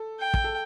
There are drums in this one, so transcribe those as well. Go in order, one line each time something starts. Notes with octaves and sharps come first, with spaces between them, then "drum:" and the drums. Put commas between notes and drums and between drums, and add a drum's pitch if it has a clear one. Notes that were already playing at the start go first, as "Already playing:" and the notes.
Already playing: A4
G5
drum: kick
A4